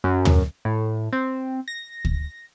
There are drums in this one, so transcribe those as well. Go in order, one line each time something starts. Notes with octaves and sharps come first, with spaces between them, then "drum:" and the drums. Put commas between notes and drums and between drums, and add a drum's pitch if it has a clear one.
F#2
drum: tom
A2
C4
A#6
drum: kick